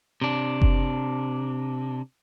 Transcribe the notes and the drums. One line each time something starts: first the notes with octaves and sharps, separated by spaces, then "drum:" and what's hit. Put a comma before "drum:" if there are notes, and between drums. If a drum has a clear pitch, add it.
C3 D4
drum: kick F#1